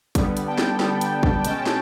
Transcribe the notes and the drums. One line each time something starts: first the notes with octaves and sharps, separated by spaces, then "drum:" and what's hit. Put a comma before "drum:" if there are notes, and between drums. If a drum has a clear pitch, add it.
D3 G3 B3, drum: kick, hi-hat
drum: hi-hat
G5 A5
drum: snare
D3 G3 B3, drum: snare
drum: hi-hat
drum: kick
B2 G#3 C#4 G5 A5, drum: hi-hat
drum: snare